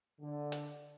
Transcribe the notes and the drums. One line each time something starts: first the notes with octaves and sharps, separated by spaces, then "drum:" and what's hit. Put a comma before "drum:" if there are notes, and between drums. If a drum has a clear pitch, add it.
D3
drum: hi-hat